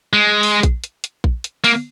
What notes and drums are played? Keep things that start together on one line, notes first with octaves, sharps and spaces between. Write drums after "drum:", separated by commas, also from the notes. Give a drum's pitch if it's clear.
G#3
drum: open hi-hat
drum: kick A#1, hi-hat
drum: hi-hat
drum: hi-hat
drum: kick A#1
drum: hi-hat
A#3, drum: open hi-hat